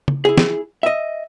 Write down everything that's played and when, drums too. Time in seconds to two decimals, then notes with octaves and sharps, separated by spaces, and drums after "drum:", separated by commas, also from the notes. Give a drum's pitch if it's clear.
0.08 drum: tom C#3
0.25 E4 G#4
0.38 drum: snare
0.83 D#5 E5